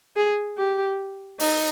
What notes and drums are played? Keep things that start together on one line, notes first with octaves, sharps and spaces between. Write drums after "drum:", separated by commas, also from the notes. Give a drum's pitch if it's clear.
G#4
G4
D#4, drum: open hi-hat